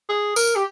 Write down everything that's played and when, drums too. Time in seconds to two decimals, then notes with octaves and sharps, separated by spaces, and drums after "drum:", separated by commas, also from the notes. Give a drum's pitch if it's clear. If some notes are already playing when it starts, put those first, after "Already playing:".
0.09 G#4
0.36 A#4, drum: tambourine
0.56 G4